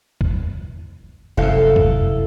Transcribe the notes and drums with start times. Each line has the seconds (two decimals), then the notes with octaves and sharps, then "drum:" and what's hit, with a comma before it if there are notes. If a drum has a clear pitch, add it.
0.21 drum: kick F#1
1.37 F1 F#2 E4 A4 F5
1.76 drum: kick F#1